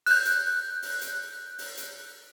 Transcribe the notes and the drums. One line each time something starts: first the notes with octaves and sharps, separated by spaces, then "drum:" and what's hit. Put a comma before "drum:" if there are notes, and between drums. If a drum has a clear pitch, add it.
F#6 G6, drum: open hi-hat
drum: hi-hat
drum: open hi-hat
drum: hi-hat
drum: open hi-hat
drum: hi-hat